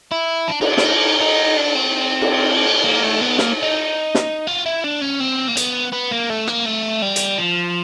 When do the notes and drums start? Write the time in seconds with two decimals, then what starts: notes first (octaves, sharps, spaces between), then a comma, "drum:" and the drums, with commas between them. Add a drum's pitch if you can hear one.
0.12 E4
0.48 D4
0.61 D#4, drum: cymbal
0.66 D4
0.77 D4, drum: snare
0.85 D#4
1.21 D#4
1.57 D4
1.75 C4
2.21 drum: cymbal
2.66 B3
2.84 A#3
3.03 A3
3.21 B3
3.38 A#3, drum: snare
3.62 D#4
4.15 drum: snare
4.47 F4
4.66 E4
4.84 D4
5.02 C#4
5.20 C4
5.48 A#3
5.57 B3, drum: hi-hat
5.93 B3
6.11 A#3
6.30 A3
6.48 A#3, drum: rim click
6.65 A3
7.02 G3
7.16 drum: hi-hat
7.38 F3